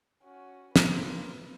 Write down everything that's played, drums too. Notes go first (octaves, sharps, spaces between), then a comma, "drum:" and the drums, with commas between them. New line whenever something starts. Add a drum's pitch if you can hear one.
C#4 F#4
A#3 F4 B4, drum: snare